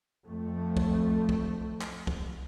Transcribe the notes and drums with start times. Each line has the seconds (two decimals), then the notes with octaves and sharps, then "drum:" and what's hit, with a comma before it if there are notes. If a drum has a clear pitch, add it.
0.24 F2 A3
0.77 drum: kick
1.29 drum: kick
1.81 drum: clap
2.07 drum: kick